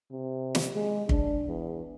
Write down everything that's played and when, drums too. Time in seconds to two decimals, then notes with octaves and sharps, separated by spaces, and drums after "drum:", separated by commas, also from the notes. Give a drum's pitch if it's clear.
0.12 C3
0.55 drum: snare
0.75 G#3
1.09 D4, drum: kick
1.48 E2